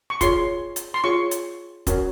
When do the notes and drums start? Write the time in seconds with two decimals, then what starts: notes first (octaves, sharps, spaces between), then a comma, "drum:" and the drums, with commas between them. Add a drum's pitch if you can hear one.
0.10 C#6
0.21 F4 G#4 C#5 C6, drum: kick, hi-hat
0.76 drum: hi-hat
0.94 C6
1.04 F4 G#4 C#5 C#6
1.31 drum: hi-hat
1.87 C#4 F#4 A#4 C#5, drum: kick, hi-hat